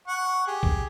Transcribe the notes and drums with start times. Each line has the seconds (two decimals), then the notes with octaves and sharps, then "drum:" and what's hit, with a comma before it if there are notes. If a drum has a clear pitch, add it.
0.08 F#5 C#6
0.47 G4 G#4
0.63 drum: kick